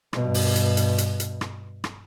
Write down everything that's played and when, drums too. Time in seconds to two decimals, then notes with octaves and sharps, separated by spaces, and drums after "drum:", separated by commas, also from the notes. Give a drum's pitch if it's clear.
0.13 G2 B2, drum: rim click
0.34 drum: open hi-hat
0.56 drum: hi-hat
0.77 drum: hi-hat
0.98 drum: hi-hat
1.20 drum: hi-hat
1.41 drum: rim click
1.84 drum: rim click